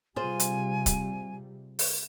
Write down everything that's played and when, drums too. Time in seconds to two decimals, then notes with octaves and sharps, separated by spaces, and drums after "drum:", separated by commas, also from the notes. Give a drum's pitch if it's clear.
0.16 C3 G3 F4 G#4 C5 G#5
0.40 drum: hi-hat
0.86 drum: kick, hi-hat
1.79 drum: open hi-hat